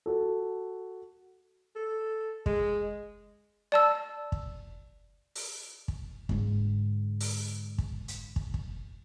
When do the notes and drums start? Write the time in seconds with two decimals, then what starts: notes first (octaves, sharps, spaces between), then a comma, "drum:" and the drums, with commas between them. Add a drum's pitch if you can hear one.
0.06 F#4 A4
1.75 A4
2.46 G#3, drum: kick
3.72 D5 A5 E6
4.32 drum: kick
5.36 drum: open hi-hat
5.88 drum: kick
6.29 G#2 D3, drum: kick
7.21 drum: open hi-hat
7.78 drum: kick
8.08 drum: hi-hat
8.36 drum: kick
8.54 drum: kick